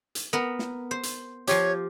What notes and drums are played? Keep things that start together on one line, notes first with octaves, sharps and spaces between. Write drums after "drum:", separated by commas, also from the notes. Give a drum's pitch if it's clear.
drum: hi-hat
B3 A#4
drum: snare
C5
drum: hi-hat
F3 F4 G4 C#5, drum: hi-hat